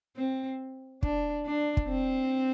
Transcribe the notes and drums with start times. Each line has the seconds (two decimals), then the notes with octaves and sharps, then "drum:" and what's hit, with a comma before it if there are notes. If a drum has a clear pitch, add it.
0.16 C4
1.03 D4, drum: kick
1.45 D4
1.77 drum: kick
1.88 C4